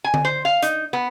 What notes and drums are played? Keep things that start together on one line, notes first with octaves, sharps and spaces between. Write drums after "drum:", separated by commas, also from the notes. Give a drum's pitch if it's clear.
G#5
drum: tom D3
C5
F5
D#4, drum: hi-hat
B3